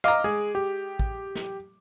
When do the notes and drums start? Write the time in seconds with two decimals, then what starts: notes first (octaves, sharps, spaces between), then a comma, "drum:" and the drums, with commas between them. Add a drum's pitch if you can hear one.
0.04 D#5 F5 A#5 D6
0.24 G#3 G#4
0.55 G4
0.99 drum: kick A1
1.35 drum: snare